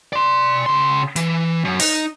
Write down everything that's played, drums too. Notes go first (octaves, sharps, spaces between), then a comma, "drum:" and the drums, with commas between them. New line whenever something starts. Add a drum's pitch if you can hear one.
D5 C6
C#3 C6
E3, drum: hi-hat
F#2
D#4, drum: open hi-hat